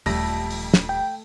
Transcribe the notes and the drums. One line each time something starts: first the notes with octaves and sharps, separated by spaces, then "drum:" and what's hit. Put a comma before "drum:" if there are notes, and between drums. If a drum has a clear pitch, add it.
D#1 F2 G3 A3 A#6, drum: open hi-hat
drum: open hi-hat
drum: snare
G5